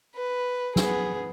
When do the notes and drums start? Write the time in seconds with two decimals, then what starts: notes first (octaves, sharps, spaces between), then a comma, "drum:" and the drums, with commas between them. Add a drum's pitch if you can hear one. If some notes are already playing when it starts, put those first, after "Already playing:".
0.15 B4
0.76 B3 G#4, drum: snare